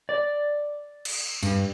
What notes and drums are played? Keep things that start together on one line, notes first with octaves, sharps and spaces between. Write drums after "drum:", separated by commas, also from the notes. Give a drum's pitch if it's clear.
D5
drum: cymbal
G2, drum: tambourine